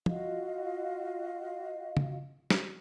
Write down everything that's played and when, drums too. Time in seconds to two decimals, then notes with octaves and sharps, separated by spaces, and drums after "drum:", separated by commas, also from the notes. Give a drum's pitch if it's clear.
0.06 F4 F#4 D#5 F5, drum: tom
1.97 drum: tom
2.50 drum: snare